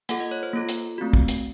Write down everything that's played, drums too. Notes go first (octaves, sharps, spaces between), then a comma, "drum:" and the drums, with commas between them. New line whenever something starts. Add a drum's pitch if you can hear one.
A#3 F4 A4 F#5, drum: hi-hat
D#5
C#5
C5
A#3 F4 A4
drum: hi-hat
A3 C4 F#4
drum: kick
drum: hi-hat